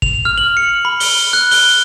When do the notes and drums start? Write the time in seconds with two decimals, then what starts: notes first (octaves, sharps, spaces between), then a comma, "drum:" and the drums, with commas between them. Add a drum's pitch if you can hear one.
0.02 F7, drum: kick
0.25 F6
0.38 F#7
0.57 C#7
0.85 B5
1.00 G7, drum: open hi-hat
1.33 F#6
1.51 G7, drum: open hi-hat